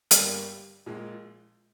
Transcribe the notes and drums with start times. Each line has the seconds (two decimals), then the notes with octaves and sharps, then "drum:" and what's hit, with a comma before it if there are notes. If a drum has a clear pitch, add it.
0.11 G1 G2 G3 A#3 G4, drum: hi-hat
0.86 A#1 A#2 G#3